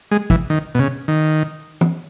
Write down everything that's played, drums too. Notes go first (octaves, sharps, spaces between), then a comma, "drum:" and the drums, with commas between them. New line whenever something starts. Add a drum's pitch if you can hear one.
G#3
E3, drum: kick
D#3
B2
C#3
D#3
drum: tom E3